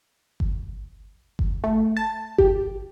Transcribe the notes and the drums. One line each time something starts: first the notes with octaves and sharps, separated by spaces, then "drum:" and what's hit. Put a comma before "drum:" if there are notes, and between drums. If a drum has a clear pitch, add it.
drum: kick G1
drum: kick G1
A3
A5
G4, drum: kick G1